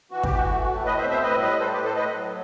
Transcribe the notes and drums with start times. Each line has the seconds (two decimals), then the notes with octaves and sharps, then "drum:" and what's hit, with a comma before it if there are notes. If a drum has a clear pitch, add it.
0.11 E3 F#4
0.23 G4, drum: kick
0.30 E3
0.36 F#4
0.48 A3
0.66 A2
0.85 B2 B4 D#5
0.97 C5 E5
1.04 C4
1.10 C5 E5
1.23 A2 B4 D#5
1.40 G3 B4 D#5
1.59 A2 A4 C5
1.71 G4 B4
1.78 A2
1.84 A4 C5
1.96 A2 B4 D#5
2.16 F#3